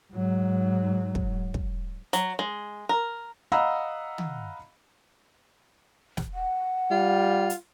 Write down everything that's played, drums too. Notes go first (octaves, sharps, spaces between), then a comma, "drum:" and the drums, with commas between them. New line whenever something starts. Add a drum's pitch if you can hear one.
G#2 F#3
drum: kick
drum: kick
F#3, drum: hi-hat
G#3
A#4
D#5 F5 F#5 A#5 B5 E6
drum: tom
drum: snare
F#5
G3 F4
drum: hi-hat